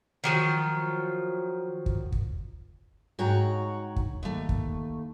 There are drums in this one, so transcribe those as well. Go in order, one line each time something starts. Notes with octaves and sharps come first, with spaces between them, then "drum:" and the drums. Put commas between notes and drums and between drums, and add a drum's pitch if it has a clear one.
D#3 F3 F#3
drum: kick
drum: kick
G#2 F#4 C#5 G5 A#5
drum: kick
D#2 A3
drum: kick